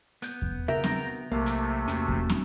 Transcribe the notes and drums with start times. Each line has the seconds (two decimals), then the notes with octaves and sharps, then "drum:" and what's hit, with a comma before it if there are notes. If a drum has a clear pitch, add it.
0.22 B3 G6, drum: hi-hat
0.42 drum: kick E2
0.68 C#3 F#4 A#4 E5 G5 A#5
0.84 drum: snare
1.32 B1 C3 A3 A#3
1.46 drum: hi-hat
1.88 E2 C#4 F#4, drum: hi-hat
2.09 drum: kick E2
2.30 drum: snare